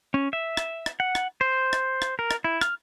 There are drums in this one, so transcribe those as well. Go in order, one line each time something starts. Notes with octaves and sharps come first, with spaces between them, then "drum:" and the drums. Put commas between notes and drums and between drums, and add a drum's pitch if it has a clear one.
C#4
E5
drum: rim click
drum: rim click
F#5
drum: rim click
C5
drum: rim click
drum: rim click
A#4
drum: rim click
E4
F6, drum: rim click